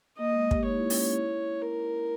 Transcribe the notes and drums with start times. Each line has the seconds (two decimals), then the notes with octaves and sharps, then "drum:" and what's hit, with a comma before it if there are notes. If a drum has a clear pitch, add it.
0.18 A#3 D#5
0.34 G#3
0.51 G4, drum: kick
0.66 D#4 C#5
0.79 E4
0.90 C#4, drum: open hi-hat
1.14 E4
1.62 A#4